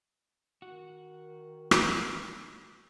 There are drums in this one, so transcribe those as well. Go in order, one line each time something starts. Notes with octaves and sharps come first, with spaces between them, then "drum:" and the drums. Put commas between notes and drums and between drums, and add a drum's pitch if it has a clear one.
D#3 F#4
drum: rim click